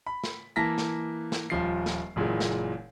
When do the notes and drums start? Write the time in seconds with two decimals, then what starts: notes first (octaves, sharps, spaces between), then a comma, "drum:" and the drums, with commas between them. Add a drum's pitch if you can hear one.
0.07 B5
0.24 drum: snare
0.56 E3 A#3 A5 A#6 B6
0.78 drum: snare
1.32 drum: snare
1.50 D#1 F3 C7
1.86 drum: snare
2.16 F#1 A#2 E3 G#3
2.40 drum: snare